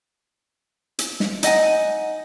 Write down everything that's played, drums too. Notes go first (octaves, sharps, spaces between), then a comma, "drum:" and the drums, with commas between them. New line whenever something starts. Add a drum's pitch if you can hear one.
drum: hi-hat
drum: snare
D#4 D#5 F#5 G#5, drum: hi-hat